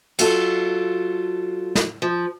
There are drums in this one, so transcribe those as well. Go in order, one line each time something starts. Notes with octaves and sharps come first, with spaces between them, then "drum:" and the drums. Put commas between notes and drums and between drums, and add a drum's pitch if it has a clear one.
F#3 F4 A4, drum: cymbal
drum: snare
F3